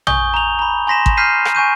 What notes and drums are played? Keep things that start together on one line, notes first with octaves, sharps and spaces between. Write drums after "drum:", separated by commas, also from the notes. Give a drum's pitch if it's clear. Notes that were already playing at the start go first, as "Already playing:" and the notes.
G#5 C#6 D#6 G6 G7, drum: tom A#1
A#5 F7
A#5 B5
G#5 C6 A#6 B6 E7
drum: kick
F6 G6 B6 C7 D#7
drum: rim click
G#5 C#6 G6 D#7